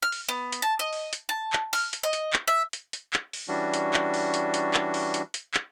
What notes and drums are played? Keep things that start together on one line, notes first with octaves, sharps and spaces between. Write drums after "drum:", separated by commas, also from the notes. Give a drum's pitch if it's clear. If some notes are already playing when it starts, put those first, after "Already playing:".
F6
drum: open hi-hat
B3
drum: hi-hat
A5
D#5
drum: open hi-hat
drum: hi-hat
A5
drum: clap
F6, drum: open hi-hat
drum: hi-hat
D#5
drum: hi-hat
drum: clap
E5
drum: hi-hat
drum: hi-hat
drum: clap
drum: open hi-hat
E3 G3 C#4 D4 F#4
drum: hi-hat
drum: clap
drum: open hi-hat
drum: hi-hat
drum: hi-hat
drum: clap
drum: open hi-hat
drum: hi-hat
drum: hi-hat
drum: clap